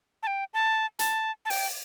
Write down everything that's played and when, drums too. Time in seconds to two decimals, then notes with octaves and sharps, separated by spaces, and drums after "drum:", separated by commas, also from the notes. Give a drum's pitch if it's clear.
0.23 A5
0.27 G5
0.54 A5
0.99 A5, drum: hi-hat
1.45 A5
1.50 G5, drum: open hi-hat